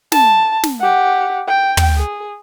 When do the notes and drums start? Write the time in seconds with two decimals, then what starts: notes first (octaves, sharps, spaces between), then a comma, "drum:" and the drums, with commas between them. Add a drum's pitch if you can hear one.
0.12 A5, drum: snare
0.63 drum: snare
0.80 G4 F#5
1.48 G5
1.77 drum: tom
1.98 G#4